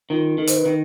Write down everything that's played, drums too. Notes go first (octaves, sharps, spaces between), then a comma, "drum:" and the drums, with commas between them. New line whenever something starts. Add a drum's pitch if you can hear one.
D#3 F4
D#3 A4
C5, drum: hi-hat
B4
D#3